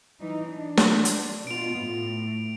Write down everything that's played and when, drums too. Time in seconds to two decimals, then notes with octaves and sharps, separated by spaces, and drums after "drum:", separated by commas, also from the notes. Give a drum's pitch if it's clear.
0.21 E3 D#4
0.51 D4
0.77 drum: snare
1.05 drum: hi-hat
1.47 B2 B3 F4 D7 F7
1.78 A2